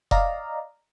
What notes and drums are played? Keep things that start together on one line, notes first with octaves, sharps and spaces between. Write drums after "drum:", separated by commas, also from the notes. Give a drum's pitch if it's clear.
D5 D#5 F5 A#5, drum: kick F1